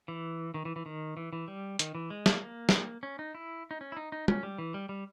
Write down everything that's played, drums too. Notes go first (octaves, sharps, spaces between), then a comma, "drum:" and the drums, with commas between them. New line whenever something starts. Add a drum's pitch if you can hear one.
E3
D#3
E3
E3
D#3
E3
E3
G3
D#3, drum: hi-hat
E3
G#3
A#3, drum: snare
A#3
drum: snare
C#4
D#4
E4
D#4
C#4
E4
D#4
D#4
C#4, drum: tom
G3
E3
G3
G3